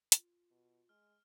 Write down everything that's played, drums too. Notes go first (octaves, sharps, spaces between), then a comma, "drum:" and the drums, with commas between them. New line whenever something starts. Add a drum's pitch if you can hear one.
F4, drum: hi-hat
B2
G#3 F6